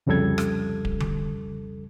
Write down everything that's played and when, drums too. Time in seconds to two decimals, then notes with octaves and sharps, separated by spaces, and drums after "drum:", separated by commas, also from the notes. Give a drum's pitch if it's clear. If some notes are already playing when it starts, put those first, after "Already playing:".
0.06 C2 F2 C#3 G3 A4 G#6
0.38 drum: rim click
0.85 drum: kick D1
1.00 drum: tom D3